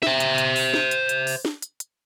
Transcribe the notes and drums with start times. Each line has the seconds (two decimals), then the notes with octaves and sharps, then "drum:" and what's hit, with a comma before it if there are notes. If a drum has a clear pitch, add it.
0.02 C5 E5, drum: snare
0.20 drum: hi-hat
0.38 drum: hi-hat
0.56 drum: open hi-hat
0.74 drum: snare
0.91 drum: hi-hat
1.09 drum: hi-hat
1.27 drum: open hi-hat
1.45 drum: snare
1.62 drum: hi-hat
1.80 drum: hi-hat